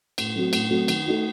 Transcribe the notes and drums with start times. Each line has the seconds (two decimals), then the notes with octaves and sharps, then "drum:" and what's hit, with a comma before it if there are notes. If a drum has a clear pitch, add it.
0.18 A2, drum: cymbal
0.35 F#3 A3 C4 F#4
0.53 A2, drum: cymbal
0.71 F#3 A3 C4 F#4
0.88 D#3, drum: cymbal
1.06 A3 D#4 F#4